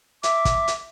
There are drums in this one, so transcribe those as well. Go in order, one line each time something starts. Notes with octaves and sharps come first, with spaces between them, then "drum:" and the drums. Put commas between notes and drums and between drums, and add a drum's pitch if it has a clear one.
E5 D6, drum: hi-hat
drum: kick, hi-hat
drum: hi-hat